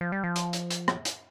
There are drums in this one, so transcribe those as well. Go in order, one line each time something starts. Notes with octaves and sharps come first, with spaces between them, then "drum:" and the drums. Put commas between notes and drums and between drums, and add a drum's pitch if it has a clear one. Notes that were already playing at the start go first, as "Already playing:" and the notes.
F3
G3
F3
drum: hi-hat
drum: hi-hat
drum: hi-hat
drum: rim click
drum: hi-hat